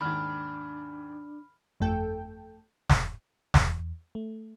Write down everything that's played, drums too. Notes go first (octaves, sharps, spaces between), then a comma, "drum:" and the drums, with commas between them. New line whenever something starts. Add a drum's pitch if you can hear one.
D#2 G#2 D4 B5 F6
G1 F2 A3 A4 G5
drum: snare
E2, drum: snare
A3